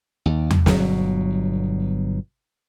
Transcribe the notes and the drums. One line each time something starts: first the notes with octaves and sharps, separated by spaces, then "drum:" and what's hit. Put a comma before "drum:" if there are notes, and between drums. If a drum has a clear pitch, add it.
D#2
drum: tom E2
G1 B2 F#3, drum: snare